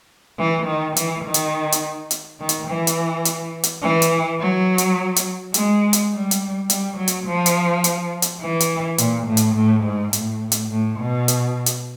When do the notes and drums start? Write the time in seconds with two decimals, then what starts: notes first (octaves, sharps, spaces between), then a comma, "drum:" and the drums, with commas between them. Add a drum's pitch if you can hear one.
0.39 E3
0.67 D#3
0.96 E3, drum: hi-hat
1.25 D#3
1.34 drum: hi-hat
1.72 drum: hi-hat
2.11 drum: hi-hat
2.40 D#3
2.49 drum: hi-hat
2.67 E3
2.87 drum: hi-hat
3.25 drum: hi-hat
3.64 drum: hi-hat
3.82 E3
4.02 drum: hi-hat
4.40 F#3
4.78 drum: hi-hat
5.16 drum: hi-hat
5.54 G#3, drum: hi-hat
5.93 drum: hi-hat
6.13 G3
6.31 drum: hi-hat
6.70 G3, drum: hi-hat
6.98 F#3
7.08 drum: hi-hat
7.27 F3
7.46 drum: hi-hat
7.84 drum: hi-hat
8.22 drum: hi-hat
8.41 E3
8.60 drum: hi-hat
8.98 A#2, drum: hi-hat
9.27 A2
9.37 drum: hi-hat
9.56 A2
9.84 G#2
10.13 A2, drum: hi-hat
10.52 drum: hi-hat
10.71 A2
10.99 B2
11.28 drum: hi-hat
11.66 drum: hi-hat